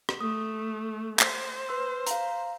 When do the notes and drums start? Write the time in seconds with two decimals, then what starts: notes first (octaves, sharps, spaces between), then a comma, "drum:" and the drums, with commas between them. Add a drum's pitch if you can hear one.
0.09 drum: rim click
0.21 A3 D#6
1.19 C5, drum: clap
1.69 B4 C6 E6
2.07 F5 A#5, drum: hi-hat